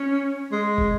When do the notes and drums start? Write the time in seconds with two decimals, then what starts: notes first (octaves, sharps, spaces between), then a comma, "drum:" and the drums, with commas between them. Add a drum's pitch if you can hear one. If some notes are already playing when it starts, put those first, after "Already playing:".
Already playing: C#4
0.52 G#3
0.78 drum: kick